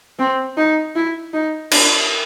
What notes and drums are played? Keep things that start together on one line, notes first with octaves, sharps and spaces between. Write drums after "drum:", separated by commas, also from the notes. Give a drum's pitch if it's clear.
C4
D#4
E4
D#4
D4, drum: cymbal